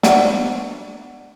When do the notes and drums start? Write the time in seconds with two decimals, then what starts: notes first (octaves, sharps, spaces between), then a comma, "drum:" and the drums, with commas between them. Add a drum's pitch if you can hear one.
0.03 B3 D4 C#5, drum: snare